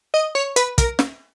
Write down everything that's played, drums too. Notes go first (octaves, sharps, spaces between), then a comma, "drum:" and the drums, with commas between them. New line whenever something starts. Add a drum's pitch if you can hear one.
D#5
C#5
B4, drum: hi-hat
A#4, drum: kick, hi-hat
drum: snare